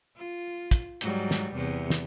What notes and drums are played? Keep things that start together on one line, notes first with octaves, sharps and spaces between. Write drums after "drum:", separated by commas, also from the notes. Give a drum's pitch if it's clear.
F4
drum: kick, hi-hat
G#2 F#3 G3, drum: hi-hat
drum: snare
E2 C3
drum: snare